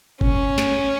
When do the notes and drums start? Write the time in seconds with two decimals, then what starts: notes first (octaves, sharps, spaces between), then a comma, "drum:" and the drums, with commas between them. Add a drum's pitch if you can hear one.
0.21 C#4, drum: kick G1
0.58 drum: snare